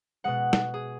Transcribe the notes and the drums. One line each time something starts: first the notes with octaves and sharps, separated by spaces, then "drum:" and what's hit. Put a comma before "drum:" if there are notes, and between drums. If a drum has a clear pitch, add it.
B2 G#3 F#5
drum: snare
G#4